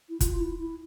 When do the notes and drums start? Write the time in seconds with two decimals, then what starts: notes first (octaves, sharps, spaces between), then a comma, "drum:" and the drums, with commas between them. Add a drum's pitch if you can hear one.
0.09 E4
0.21 F4, drum: kick, hi-hat
0.31 F4
0.40 E4
0.59 E4